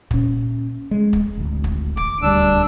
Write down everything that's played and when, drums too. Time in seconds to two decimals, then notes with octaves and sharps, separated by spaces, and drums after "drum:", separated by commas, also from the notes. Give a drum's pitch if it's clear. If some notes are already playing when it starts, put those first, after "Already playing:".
0.11 A#2 C#4, drum: kick
0.91 G#3
1.13 drum: kick
1.37 G#1 D2
1.64 drum: kick
1.97 D6, drum: kick
2.22 D#1 D2 G3 D4 E6